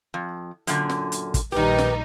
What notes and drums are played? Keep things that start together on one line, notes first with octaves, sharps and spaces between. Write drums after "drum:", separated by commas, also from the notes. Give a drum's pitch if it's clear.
F2
F#2 A#2 D3, drum: hi-hat
drum: snare
drum: hi-hat
drum: kick, hi-hat
A#1 D#3 G3 D#4 G4 B4
drum: snare